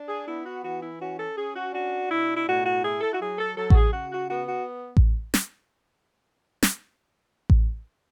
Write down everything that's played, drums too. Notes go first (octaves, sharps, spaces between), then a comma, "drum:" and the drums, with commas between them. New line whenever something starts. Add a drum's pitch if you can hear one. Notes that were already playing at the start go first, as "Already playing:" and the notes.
Already playing: D4
G#4
B3 E4
F#4
E3 F#4
E4
C#4 F#4
A4
C#4 G#4
F#4
D4 F#4
B2 E4
E4
A2 F#4
F#4
E4 G#4
A4
F#4
F#3 G#4
A4
F#3 A4
F#4, drum: kick A1
G#4
C#3 F#4
F#4
B3 F#4
F#4
drum: kick A1
drum: snare
drum: snare
drum: kick A1